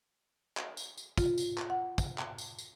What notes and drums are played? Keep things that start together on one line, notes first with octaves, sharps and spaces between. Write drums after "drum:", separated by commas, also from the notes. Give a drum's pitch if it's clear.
drum: clap
drum: tambourine
drum: tambourine
F4, drum: kick, tambourine
drum: tambourine
drum: clap
F#5
drum: kick, tambourine
drum: clap
drum: tambourine
drum: tambourine